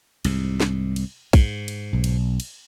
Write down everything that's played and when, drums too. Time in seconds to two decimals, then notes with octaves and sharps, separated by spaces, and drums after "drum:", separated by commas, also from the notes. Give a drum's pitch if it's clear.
0.25 C2 G#2, drum: cymbal
0.60 drum: snare
0.96 drum: cymbal
1.33 G#2, drum: kick, cymbal
1.68 drum: cymbal
1.93 B1
2.04 drum: cymbal
2.40 drum: cymbal